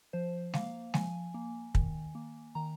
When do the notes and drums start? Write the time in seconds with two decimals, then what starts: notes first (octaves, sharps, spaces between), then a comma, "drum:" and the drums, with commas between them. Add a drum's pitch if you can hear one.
0.13 F3 C5
0.54 A#3 F5, drum: snare
0.94 F3 G#5, drum: snare
1.34 A#3
1.75 D#3, drum: kick
2.15 A#3
2.55 D#3 A#5